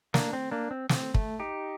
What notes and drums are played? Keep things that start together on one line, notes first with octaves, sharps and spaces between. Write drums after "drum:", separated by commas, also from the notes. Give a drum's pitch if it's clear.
A#3 D4, drum: snare
C4
A#3 D4
C4
C4, drum: snare
A3, drum: kick
D#4 G4